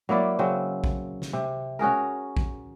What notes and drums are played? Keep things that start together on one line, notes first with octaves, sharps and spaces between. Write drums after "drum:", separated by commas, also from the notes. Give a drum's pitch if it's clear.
F#3 A#3 E4 D5
C#3 F#3 C4
drum: kick A#1
drum: snare
C3
C#4 F#4 G#4 A#4
drum: kick A#1